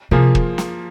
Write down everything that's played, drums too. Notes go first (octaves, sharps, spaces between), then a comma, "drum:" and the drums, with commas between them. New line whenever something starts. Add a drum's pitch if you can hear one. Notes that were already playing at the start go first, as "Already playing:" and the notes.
C3 F3 A#3 F4 G#4
drum: kick
drum: snare